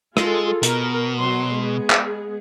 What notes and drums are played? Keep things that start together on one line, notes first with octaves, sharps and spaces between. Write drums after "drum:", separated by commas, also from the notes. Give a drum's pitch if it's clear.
G#3 F4 G#4 A4, drum: rim click
B2 A#4, drum: hi-hat
F#3 C6
G#3 B3 G#4
drum: clap